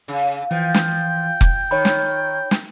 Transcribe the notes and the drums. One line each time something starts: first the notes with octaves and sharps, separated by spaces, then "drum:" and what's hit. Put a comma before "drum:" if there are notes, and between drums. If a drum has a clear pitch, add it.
C#3
E3 F3 G5
drum: snare
drum: kick F1
D#3 C#5 B5
drum: snare
drum: snare